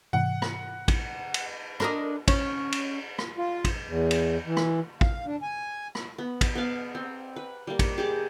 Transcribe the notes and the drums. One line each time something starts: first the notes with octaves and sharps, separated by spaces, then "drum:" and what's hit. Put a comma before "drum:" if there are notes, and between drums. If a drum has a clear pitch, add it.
G#2 C3 E3 F#5
drum: rim click
drum: kick, cymbal
drum: cymbal
D4 A#4 D#5, drum: rim click
C#4, drum: kick, cymbal
drum: cymbal
drum: rim click
F4
drum: kick, cymbal
E2
drum: cymbal
E3
drum: rim click
F5, drum: kick
D4
G#5
drum: rim click
B3
drum: kick, cymbal
B3 F5
C4
B4
G3 A#3
drum: kick, cymbal
G4 G#4 D6